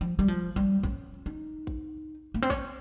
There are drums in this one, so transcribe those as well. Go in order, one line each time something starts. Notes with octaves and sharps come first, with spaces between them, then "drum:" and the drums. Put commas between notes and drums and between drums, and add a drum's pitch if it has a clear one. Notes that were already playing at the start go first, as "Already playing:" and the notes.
F3
G3
F3
G3, drum: kick A1
C#4, drum: kick A1
D#4
drum: kick A1
A#3
C4
C#4, drum: kick A1